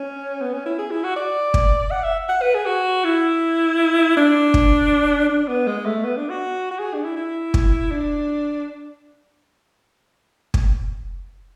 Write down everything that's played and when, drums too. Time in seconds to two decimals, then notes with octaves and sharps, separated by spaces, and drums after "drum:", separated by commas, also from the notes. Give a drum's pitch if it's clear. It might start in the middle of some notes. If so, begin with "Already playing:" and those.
Already playing: C#4
0.41 B3
0.54 C#4
0.66 E4
0.79 G#4
0.91 E4
1.04 F#4
1.16 D5
1.54 drum: kick
1.91 F#5
2.04 E5
2.29 F#5
2.42 B4
2.55 G#4
2.66 F#4
3.04 E4
4.17 D4
4.54 drum: kick
5.29 D4
5.48 B3
5.67 G#3
5.86 A3
6.04 B3
6.17 D4
6.29 F#4
6.71 F#4
6.79 G#4
6.94 D4
7.04 E4
7.16 E4
7.54 drum: kick
7.91 D4
10.54 drum: kick